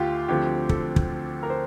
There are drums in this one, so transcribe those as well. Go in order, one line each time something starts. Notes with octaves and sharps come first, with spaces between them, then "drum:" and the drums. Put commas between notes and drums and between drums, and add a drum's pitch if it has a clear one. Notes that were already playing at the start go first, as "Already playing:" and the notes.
Already playing: D2 D3 F4 G4
D2 D3 F3 C4 G4
A4, drum: kick
drum: kick
A#4
C5